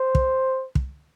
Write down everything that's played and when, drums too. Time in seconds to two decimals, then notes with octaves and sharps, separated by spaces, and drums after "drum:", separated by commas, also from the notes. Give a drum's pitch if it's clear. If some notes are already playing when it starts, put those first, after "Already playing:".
Already playing: C5
0.15 drum: kick
0.75 drum: kick